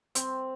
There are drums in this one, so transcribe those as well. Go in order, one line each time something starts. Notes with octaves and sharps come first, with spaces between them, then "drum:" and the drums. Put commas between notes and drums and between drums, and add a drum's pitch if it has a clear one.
C4, drum: hi-hat